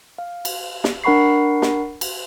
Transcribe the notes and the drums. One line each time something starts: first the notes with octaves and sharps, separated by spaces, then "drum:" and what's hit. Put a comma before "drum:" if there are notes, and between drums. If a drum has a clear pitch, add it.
F5
drum: cymbal
drum: snare
D4 A#4 F#5 B5 C#6 C7
drum: snare
drum: cymbal